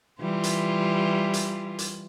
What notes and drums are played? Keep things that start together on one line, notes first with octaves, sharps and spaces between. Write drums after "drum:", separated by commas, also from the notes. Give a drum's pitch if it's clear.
E3 G3 F4
drum: hi-hat
drum: hi-hat
drum: hi-hat